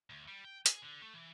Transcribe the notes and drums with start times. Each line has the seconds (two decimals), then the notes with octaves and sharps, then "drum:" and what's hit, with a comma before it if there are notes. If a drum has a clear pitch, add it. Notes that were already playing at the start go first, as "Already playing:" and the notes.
0.10 D2
0.28 G3
0.45 G5
0.66 G#4, drum: hi-hat
0.82 D3
1.02 A3
1.14 E3